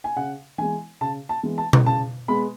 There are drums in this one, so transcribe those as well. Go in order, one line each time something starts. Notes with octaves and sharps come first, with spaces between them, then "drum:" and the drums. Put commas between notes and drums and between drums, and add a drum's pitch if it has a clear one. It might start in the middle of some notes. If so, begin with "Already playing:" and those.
G#5
C#3 F#5
E3 G#3 B3 G#5
C#3 A5
A5
E3 G#3 B3
A5
drum: tom B2
C#3 A5
G#3 B3 B5